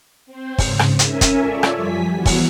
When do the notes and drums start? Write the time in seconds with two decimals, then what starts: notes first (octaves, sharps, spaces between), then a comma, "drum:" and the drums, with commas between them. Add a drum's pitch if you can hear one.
0.26 C4 C5
0.58 G#2 C#3, drum: kick, open hi-hat
0.79 drum: rim click
0.99 C#4 A#4 E5 G#5, drum: hi-hat
1.21 drum: kick, hi-hat
1.38 F4 A4 C#5 D5 E5
1.63 drum: rim click
1.75 F#2 F3 G3 G#5 B6
2.13 E3 B3 E4 F#4
2.26 drum: kick, open hi-hat